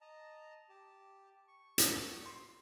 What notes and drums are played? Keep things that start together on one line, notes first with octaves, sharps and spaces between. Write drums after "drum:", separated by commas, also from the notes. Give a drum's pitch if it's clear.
D#5 A5 A#5
G4 A5
C#6
drum: hi-hat
C6